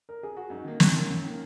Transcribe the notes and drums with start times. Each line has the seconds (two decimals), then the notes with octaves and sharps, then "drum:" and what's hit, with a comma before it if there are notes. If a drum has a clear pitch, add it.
0.09 A#4
0.23 G#4
0.37 F#4
0.50 F#2 D#4
0.64 D#3 A#3
0.80 F#2 C#4, drum: snare
0.94 D#3 A#3
1.10 F#2
1.24 D#3 A#3